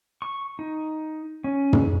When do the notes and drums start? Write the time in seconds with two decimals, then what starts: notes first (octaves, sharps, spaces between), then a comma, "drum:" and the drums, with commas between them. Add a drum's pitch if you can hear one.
0.22 C#6
0.59 D#4
1.44 C#4
1.73 drum: tom